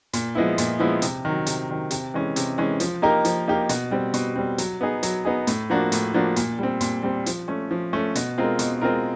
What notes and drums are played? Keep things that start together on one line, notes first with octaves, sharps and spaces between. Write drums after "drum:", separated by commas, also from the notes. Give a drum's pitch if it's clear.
A#2, drum: hi-hat
F3 G#3 B3 E4
A#2, drum: hi-hat
F3 G#3 B3 E4
C3, drum: hi-hat
D#3 F#3
C3, drum: hi-hat
D#3 F#3
C3, drum: hi-hat
E3 G#3 C#4
C3, drum: hi-hat
E3 G#3 C#4
F3, drum: hi-hat
A#3 D#4 G4 A#4
F3, drum: hi-hat
A#3 D#4 G4 A#4
B2, drum: hi-hat
G3 C4
B2, drum: hi-hat
G3 C4
F#3, drum: hi-hat
B3 D#4 G#4
F#3, drum: hi-hat
B3 D#4 G#4
A2, drum: hi-hat
F3 A#3 D4 F#4
A2, drum: hi-hat
F3 A#3 D4 F#4
A#2, drum: hi-hat
G3 C4
A#2, drum: hi-hat
G3 C4
F3, drum: hi-hat
A3 C#4
F3
A3 C#4
B2, drum: hi-hat
G#3 C4 F4 A#4
B2, drum: hi-hat
G#3 C4 F4 A#4